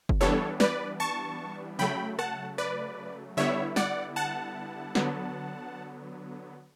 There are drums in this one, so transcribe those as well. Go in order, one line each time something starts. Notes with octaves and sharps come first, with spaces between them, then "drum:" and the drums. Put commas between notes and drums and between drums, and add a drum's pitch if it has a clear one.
drum: kick F#1
E3 G3 B3 D4 A4 C#5
B4 D5, drum: snare
A5 C#6
C#3 F#3 A3 G5 B5
F#5 A5, drum: rim click
B4 D5
D3 G3 B3 E4 C#5 E5
D5 F#5, drum: snare
F#5 A5
D3 F#3 B3, drum: snare